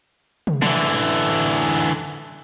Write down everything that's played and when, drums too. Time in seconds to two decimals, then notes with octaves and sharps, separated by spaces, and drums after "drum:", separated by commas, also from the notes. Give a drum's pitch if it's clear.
0.47 drum: tom
0.62 D3 E3, drum: tom